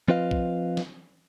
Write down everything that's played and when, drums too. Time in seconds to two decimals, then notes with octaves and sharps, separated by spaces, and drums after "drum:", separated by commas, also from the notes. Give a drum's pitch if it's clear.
0.08 F3 C4 F4 B4 D#5 F5
0.31 drum: kick B1
0.77 drum: snare